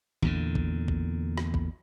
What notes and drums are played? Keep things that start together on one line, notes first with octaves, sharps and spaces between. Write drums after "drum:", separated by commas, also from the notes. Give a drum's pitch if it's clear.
E2 A#2 D3, drum: kick A1
drum: kick A1
drum: kick A1
drum: rim click
drum: kick A1